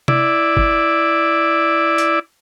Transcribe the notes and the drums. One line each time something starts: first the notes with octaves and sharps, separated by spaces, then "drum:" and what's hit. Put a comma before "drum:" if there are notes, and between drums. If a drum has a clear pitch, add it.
E4 D5, drum: tom C3
drum: kick
drum: hi-hat